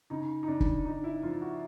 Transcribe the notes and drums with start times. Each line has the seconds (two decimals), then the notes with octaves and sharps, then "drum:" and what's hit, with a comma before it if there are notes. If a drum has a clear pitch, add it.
0.10 C#3 D#4
0.43 D#4
0.48 C#3 D4
0.60 drum: kick
0.85 C#3 D#4
1.04 E4
1.23 F3 F4
1.42 F#4